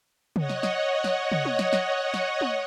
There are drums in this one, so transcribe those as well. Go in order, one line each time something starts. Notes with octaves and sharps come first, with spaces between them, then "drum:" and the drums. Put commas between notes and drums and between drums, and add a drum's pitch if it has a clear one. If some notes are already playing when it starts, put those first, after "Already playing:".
C#5 D#5 F#5, drum: tom
drum: snare
drum: snare
drum: snare
drum: tom
drum: tom
drum: snare
drum: snare
drum: snare
drum: tom